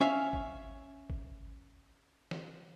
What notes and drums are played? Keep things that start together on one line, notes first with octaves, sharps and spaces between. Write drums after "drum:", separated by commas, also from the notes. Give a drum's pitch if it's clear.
C#4 E5 F5
drum: kick G#1
drum: kick G#1
drum: snare